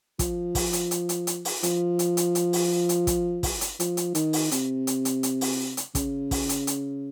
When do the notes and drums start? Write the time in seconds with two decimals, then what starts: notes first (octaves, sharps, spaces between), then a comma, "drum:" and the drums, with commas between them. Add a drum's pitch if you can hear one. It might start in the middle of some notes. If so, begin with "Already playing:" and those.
0.19 F3, drum: kick, hi-hat
0.55 drum: kick, open hi-hat
0.73 drum: hi-hat
0.91 drum: hi-hat
1.09 drum: hi-hat
1.27 drum: hi-hat
1.45 drum: open hi-hat
1.63 F3, drum: hi-hat
1.99 drum: hi-hat
2.17 drum: hi-hat
2.35 drum: hi-hat
2.53 drum: open hi-hat
2.89 drum: hi-hat
3.07 drum: kick, hi-hat
3.43 drum: kick, open hi-hat
3.61 drum: hi-hat
3.80 F3, drum: hi-hat
3.97 drum: hi-hat
4.15 D#3, drum: hi-hat
4.33 drum: open hi-hat
4.51 C3, drum: hi-hat
4.87 drum: hi-hat
5.05 drum: hi-hat
5.23 drum: hi-hat
5.41 drum: open hi-hat
5.77 drum: hi-hat
5.95 C#3, drum: kick, hi-hat
6.31 drum: kick, open hi-hat
6.49 drum: hi-hat
6.67 drum: hi-hat